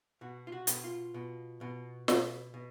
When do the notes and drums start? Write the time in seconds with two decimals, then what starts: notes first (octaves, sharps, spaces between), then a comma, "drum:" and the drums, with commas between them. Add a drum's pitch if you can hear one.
0.21 B2 F#4
0.47 F4
0.52 F#4
0.67 B2, drum: hi-hat
0.84 F4
1.14 B2
1.61 B2
2.08 B2, drum: snare
2.54 B2